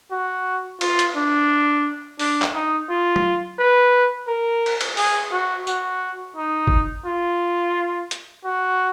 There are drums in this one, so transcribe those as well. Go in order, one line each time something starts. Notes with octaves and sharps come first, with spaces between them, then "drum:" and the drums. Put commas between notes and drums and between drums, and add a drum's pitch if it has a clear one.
F#4
F4, drum: cymbal
drum: hi-hat
D4
D4, drum: open hi-hat
drum: clap
D#4
F4
drum: tom
B4
A#4
drum: cymbal
drum: cymbal
G#4, drum: open hi-hat
F#4
F#4, drum: tambourine
D#4
drum: kick
F4
drum: hi-hat
F#4